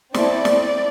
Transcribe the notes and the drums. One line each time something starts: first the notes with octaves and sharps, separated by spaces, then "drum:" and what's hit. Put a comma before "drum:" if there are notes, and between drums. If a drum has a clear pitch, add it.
C4 E4 A4 D5, drum: snare
drum: snare